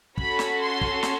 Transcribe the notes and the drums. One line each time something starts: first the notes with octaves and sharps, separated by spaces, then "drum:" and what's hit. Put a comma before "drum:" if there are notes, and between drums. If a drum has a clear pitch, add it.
C#4 F#4 A4 B5, drum: kick
drum: snare
C6
drum: kick
drum: snare